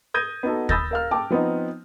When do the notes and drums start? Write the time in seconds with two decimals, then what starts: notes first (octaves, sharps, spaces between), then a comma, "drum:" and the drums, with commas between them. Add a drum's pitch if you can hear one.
0.14 D#6 G6 G#6 A#6 D#7
0.43 B3 D#4 F#4 A4
0.69 B5 D#6 E6 G6 A6 A#6, drum: kick
0.91 A#4 F5 F6
1.11 G5 A5 D6
1.31 F3 B3 C4 D#4